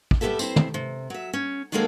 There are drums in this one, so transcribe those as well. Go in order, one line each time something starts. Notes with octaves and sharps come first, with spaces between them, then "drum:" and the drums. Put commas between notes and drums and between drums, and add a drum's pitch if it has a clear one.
drum: kick
G3 B3 D#4 G4 A4 E5
C4 E4 C5, drum: tambourine
drum: tom
C3
F#3 E5
C#4
D#3 F#3 G#3 A#3 C4 A4